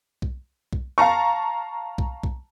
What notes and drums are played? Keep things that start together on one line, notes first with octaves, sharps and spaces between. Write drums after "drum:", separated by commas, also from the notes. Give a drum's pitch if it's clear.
drum: kick B1
drum: kick B1
F5 A5 A#5 C#6
drum: kick B1
drum: kick B1